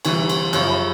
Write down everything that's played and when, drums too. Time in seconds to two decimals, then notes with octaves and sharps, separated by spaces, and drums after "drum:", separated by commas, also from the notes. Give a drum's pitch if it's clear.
0.05 D2 C3 E3 G3 C#6, drum: cymbal
0.29 C6, drum: cymbal
0.53 F#2 C#3 F3 C#6, drum: cymbal
0.70 B5